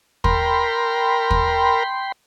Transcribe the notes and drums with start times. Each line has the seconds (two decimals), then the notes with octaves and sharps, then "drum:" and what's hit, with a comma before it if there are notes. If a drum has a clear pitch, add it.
0.24 A#4 G5 B5 C6, drum: kick
1.31 drum: kick